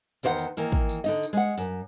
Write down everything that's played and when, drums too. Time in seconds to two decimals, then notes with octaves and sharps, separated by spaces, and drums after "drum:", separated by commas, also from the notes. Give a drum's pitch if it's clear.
0.23 E2 D#3 C5 C#5 F#5, drum: tambourine
0.38 drum: tambourine
0.57 D#3 E3 A#3, drum: tambourine
0.72 drum: kick
0.89 drum: tambourine
1.04 D3 D#4 D#5, drum: tambourine
1.23 drum: tambourine
1.33 G#3 F#5
1.57 F#2, drum: tambourine